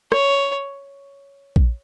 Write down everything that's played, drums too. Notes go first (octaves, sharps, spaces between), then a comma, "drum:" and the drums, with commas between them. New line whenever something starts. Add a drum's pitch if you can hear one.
C#5, drum: rim click
drum: kick A#1